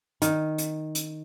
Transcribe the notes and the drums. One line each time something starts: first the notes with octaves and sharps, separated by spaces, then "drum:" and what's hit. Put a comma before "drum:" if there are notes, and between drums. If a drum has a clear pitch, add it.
D#3, drum: hi-hat
drum: hi-hat
drum: hi-hat